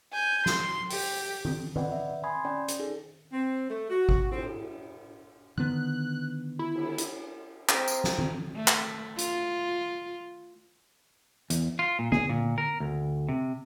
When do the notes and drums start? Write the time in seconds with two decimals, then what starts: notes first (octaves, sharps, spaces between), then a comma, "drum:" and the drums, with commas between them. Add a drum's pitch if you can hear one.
0.13 G#5 G6
0.46 C6, drum: snare
0.90 G4, drum: open hi-hat
1.45 drum: tom
1.76 B4 D5 D#5 F#5 G5, drum: tom
1.92 E5
2.24 G#5 B5 C6 D#6 G#6
2.45 C#4 D5 G5
2.68 drum: hi-hat
2.79 D#4 G#4 A4
3.33 C4
3.70 A3
3.90 F#4
4.09 drum: kick G#1
4.31 C4, drum: cymbal
5.58 D3 D#3 B3 F#6
6.59 E4
6.75 drum: cymbal
6.98 drum: hi-hat
7.69 C4 E4 F4 G4 G#4 A#4, drum: clap
7.88 drum: tambourine
8.04 drum: snare
8.19 drum: tom
8.56 A3
8.68 drum: clap
9.18 F4, drum: hi-hat
11.50 E2, drum: hi-hat
11.79 F4
11.99 A#2
12.12 G#4, drum: tom
12.29 A#2
12.58 A#4
12.80 D2
13.29 C3